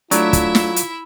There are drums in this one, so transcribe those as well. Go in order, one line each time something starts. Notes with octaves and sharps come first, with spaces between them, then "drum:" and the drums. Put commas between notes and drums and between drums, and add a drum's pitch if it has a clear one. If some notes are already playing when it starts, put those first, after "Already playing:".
F#3 A3 D4 E4 F4 E5, drum: hi-hat
drum: kick, hi-hat
drum: snare
drum: hi-hat